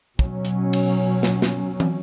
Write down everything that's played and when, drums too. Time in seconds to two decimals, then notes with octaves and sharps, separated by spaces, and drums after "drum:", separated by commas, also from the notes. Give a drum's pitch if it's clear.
0.19 B2 F#3 C#4, drum: kick
0.45 drum: hi-hat
0.73 drum: cymbal
1.23 drum: snare
1.42 drum: snare
1.80 drum: tom